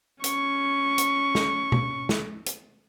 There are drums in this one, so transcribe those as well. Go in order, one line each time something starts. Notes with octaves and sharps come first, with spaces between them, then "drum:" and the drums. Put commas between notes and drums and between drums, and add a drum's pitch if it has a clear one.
C#4 C#6, drum: hi-hat
drum: hi-hat
drum: snare
drum: tom B2
drum: snare
drum: hi-hat